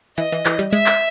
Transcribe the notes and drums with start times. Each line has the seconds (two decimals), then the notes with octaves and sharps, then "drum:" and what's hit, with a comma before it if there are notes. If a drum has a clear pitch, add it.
0.18 E3 D#5, drum: hi-hat
0.32 E3, drum: hi-hat
0.46 E3, drum: clap
0.59 G3, drum: hi-hat
0.73 G#3 E5, drum: hi-hat
0.86 drum: clap